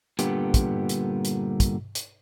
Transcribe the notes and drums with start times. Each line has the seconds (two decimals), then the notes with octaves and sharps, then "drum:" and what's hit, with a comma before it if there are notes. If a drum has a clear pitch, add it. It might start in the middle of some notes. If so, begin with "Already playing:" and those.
0.19 G2 A#2 D3 G3 B3 G4, drum: hi-hat
0.54 drum: kick, hi-hat
0.89 drum: hi-hat
1.25 drum: hi-hat
1.60 drum: kick, hi-hat
1.95 drum: hi-hat